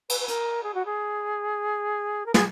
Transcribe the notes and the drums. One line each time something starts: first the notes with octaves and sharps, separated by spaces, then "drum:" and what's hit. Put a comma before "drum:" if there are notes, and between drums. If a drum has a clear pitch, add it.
B4, drum: cymbal
B4
A#4, drum: hi-hat
G#4
F#4
G#4
A#4
G#4, drum: snare